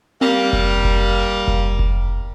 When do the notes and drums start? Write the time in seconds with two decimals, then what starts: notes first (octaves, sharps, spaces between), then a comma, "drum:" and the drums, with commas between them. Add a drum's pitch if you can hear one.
0.21 G3 A#3 C4
0.53 drum: kick F1
0.84 drum: kick F1
1.48 drum: kick F1
1.79 drum: kick F1